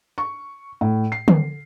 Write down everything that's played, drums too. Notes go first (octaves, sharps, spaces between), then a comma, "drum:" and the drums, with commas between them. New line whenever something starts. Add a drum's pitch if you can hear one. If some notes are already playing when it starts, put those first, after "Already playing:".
C#6
A2
C7
drum: tom D3